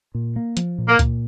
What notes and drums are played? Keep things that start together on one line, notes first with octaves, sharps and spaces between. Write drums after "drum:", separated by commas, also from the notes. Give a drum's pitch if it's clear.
A#2
A#3
F3, drum: hi-hat
A#2
A#3
A#2, drum: kick C#2, hi-hat